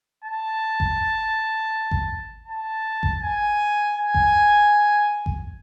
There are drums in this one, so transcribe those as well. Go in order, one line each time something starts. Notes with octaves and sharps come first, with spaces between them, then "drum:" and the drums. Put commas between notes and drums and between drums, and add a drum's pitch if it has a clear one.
A5
drum: kick G#1
drum: kick G#1
A5
drum: kick G#1
G#5
G#5
drum: kick G#1
drum: kick G#1